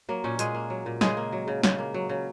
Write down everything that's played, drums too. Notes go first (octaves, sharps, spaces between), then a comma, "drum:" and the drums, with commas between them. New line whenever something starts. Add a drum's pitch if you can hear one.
F#3 A#3
A#2 C#4
A#2 G#3 G#4, drum: hi-hat
A#3
F#3
A#2
C#3 G#3 G#4, drum: snare
A#3
F#3
C#3
C#3, drum: snare
A#3
F#3
C#3